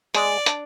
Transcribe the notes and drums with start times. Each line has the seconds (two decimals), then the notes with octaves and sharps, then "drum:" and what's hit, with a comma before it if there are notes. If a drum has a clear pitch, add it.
0.15 G#3 D5, drum: hi-hat
0.46 D4, drum: hi-hat